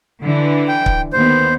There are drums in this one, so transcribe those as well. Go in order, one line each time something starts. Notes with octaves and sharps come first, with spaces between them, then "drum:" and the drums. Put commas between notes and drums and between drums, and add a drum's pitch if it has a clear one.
D3 E3
G5
drum: kick C#1
D#2 B3 C5